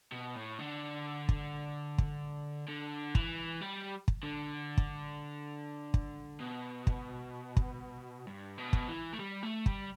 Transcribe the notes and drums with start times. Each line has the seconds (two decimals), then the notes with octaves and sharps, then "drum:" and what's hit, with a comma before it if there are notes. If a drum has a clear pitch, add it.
0.12 B2
0.36 A2
0.59 D3
1.29 drum: kick
1.98 drum: kick
2.68 D3
3.15 E3, drum: kick
3.61 G3
4.08 drum: kick
4.23 D3
4.77 drum: kick
5.94 drum: kick
6.40 B2
6.87 drum: kick
7.57 drum: kick
8.27 G2
8.58 B2
8.73 drum: kick
8.88 E3
9.13 A3
9.20 G3
9.43 A3
9.66 G3, drum: kick